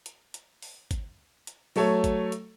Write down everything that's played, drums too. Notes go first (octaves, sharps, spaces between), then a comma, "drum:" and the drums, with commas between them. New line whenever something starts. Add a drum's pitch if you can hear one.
drum: hi-hat
drum: hi-hat
drum: open hi-hat
drum: kick, hi-hat
drum: hi-hat
F#3 A3 A4 C#5, drum: open hi-hat
drum: kick, hi-hat
drum: hi-hat